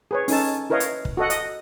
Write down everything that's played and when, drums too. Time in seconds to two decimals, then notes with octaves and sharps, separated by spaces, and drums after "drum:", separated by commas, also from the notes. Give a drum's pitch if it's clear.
0.11 G#4 B4 C#5
0.28 C#4 D#4 A4 A5, drum: open hi-hat
0.70 E4 A#4 B4 C#5 D#5 F5
0.80 drum: hi-hat
1.05 drum: kick
1.17 F#4 A4 D#5 F#5
1.30 D#5, drum: hi-hat